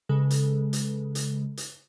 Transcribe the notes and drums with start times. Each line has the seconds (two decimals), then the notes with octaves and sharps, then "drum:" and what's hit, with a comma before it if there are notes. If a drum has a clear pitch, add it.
0.09 C#3 G#3 A4 B4
0.30 drum: hi-hat
0.73 drum: hi-hat
1.15 drum: hi-hat
1.57 drum: hi-hat